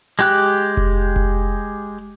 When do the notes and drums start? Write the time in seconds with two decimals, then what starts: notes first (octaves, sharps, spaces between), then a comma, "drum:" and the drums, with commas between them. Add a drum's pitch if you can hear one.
0.19 G#3 G4 F#6, drum: hi-hat
0.77 drum: kick F1
1.16 drum: kick F1